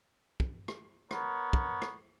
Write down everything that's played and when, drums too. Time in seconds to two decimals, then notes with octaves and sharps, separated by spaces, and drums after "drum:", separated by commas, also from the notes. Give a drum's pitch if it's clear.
0.40 drum: kick
0.68 drum: rim click
1.11 B3 A#4 C#5, drum: rim click
1.53 drum: kick
1.82 drum: rim click